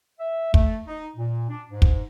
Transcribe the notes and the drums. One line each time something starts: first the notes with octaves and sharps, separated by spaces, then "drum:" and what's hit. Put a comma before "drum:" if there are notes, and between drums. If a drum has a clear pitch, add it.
E5
A3, drum: kick
D#4
A#2
D4
G#2
drum: kick